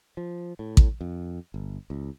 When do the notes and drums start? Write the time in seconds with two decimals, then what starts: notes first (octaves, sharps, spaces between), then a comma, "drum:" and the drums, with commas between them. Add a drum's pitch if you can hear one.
0.17 F3
0.59 A2
0.77 drum: kick A1
1.01 F2
1.54 G1
1.90 C#2